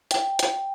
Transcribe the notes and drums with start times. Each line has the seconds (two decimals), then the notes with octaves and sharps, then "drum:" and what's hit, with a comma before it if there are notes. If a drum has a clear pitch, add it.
0.11 G5, drum: hi-hat
0.39 drum: hi-hat